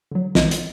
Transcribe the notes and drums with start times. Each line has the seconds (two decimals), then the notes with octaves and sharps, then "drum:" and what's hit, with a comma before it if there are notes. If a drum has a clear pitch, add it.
0.11 D3 F#3
0.35 B1 D#5, drum: snare
0.51 drum: hi-hat